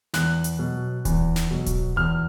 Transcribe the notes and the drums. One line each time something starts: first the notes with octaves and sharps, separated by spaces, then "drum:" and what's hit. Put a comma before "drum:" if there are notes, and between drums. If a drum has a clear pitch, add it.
E2 F#6, drum: snare
drum: hi-hat
B2 F#3
E2, drum: kick D1, hi-hat
drum: snare
B2 F#3
drum: kick D1, hi-hat
E2 F6, drum: tom C#2